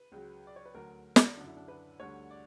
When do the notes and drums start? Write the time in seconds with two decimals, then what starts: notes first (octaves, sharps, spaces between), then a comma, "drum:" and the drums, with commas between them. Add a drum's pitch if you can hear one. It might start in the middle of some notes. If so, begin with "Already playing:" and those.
Already playing: B4
0.12 C#2 C#3 F#3
0.47 D5
0.56 C#5
0.66 B4
0.74 D2 D3 F#3 A#4
1.16 drum: snare
1.37 F#2 D3 F#3 D4
1.47 E4
1.56 D4
1.68 B4
2.00 D2 D3 G3 C#5
2.31 D5